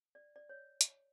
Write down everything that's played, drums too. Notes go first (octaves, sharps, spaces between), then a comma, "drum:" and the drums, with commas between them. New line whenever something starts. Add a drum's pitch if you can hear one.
D5
D5
C#5
drum: hi-hat